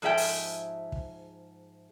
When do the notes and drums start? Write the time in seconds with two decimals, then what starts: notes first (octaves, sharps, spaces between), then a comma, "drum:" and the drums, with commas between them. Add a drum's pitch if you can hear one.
0.02 G#2 F3 G#4 E5 G5
0.17 drum: open hi-hat
0.92 drum: kick